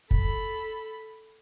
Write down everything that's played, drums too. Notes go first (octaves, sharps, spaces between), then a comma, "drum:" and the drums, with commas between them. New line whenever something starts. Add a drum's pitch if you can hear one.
A4 B5, drum: kick